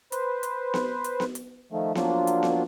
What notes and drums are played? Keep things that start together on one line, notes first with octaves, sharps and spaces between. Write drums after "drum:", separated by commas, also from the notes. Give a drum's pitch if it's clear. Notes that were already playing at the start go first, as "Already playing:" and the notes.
B4 C5, drum: hi-hat
drum: hi-hat
drum: snare B3
drum: hi-hat
drum: snare B3
drum: hi-hat
D#3 F3 A3
F3 F#3 A#3 D4 F4, drum: snare B3
drum: hi-hat
drum: snare B3